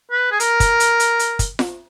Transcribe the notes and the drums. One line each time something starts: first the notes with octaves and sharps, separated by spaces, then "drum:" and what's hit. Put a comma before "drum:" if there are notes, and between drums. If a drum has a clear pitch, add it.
B4
G#4
A#4, drum: hi-hat
drum: kick, hi-hat
drum: hi-hat
drum: hi-hat
drum: hi-hat
drum: kick, hi-hat
drum: snare F4